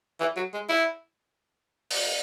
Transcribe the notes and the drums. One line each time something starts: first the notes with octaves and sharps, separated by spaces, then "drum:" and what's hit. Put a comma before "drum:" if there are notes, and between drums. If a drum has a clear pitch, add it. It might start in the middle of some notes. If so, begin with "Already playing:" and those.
E3
F#3
G#3
E4
drum: open hi-hat